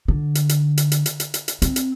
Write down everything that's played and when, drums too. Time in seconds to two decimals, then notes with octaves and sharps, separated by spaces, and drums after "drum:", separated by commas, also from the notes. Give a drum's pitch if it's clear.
0.08 D3
0.35 drum: hi-hat
0.49 drum: hi-hat
0.77 drum: hi-hat
0.92 drum: hi-hat
1.06 drum: hi-hat
1.20 drum: hi-hat
1.34 drum: hi-hat
1.48 drum: hi-hat
1.62 C4, drum: hi-hat
1.76 drum: hi-hat